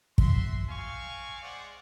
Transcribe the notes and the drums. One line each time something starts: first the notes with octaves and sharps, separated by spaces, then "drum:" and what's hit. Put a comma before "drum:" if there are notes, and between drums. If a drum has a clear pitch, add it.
F#4 E5 C6, drum: kick
C4 F5 G#5 C#6
G#3 C5 D5 F#5